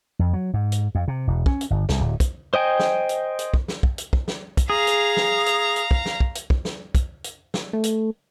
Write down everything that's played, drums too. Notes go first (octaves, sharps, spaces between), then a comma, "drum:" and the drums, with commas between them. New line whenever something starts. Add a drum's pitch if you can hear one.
F2
F#3
G#2
drum: hi-hat
F2
C3
E1
C#4, drum: kick
drum: hi-hat
G1
C2, drum: snare
D1
drum: kick, hi-hat
C5 D#5 G5 G#5
drum: snare
drum: hi-hat
drum: hi-hat
drum: kick
drum: snare
drum: kick
drum: hi-hat
drum: kick
drum: snare
drum: kick, hi-hat
G#4 F5 A#5
drum: hi-hat
drum: snare
drum: hi-hat
drum: hi-hat
drum: kick
drum: snare
drum: kick
drum: hi-hat
drum: kick
drum: snare
drum: kick, hi-hat
drum: hi-hat
drum: snare
A3
drum: hi-hat